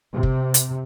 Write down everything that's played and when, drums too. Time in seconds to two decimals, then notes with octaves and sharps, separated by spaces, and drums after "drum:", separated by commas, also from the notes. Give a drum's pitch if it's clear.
0.13 C3
0.23 drum: kick
0.54 drum: hi-hat